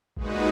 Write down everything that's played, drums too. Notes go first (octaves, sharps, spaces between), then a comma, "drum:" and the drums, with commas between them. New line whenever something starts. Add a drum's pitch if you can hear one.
A#2 G#3 D#4 F#4 B4, drum: kick A1